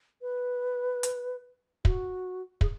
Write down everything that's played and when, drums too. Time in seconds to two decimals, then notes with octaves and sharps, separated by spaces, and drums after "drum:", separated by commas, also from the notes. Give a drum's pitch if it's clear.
0.22 B4
1.03 drum: hi-hat
1.85 F#4, drum: kick
2.61 G#4, drum: kick